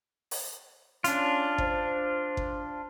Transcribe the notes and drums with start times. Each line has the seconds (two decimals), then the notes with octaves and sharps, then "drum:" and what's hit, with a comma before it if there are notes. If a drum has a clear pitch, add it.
0.31 drum: open hi-hat
1.04 C#4 D4 F4, drum: hi-hat
1.58 C5, drum: kick G1
2.37 drum: kick G1